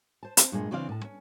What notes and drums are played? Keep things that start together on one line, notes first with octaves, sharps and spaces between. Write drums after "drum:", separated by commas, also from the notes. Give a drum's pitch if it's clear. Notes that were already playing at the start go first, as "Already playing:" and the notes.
C5 A5
C4, drum: hi-hat
G2 A#2 G#3
C#3 E3 C4 D4 D5 F5
A2 A5
C#4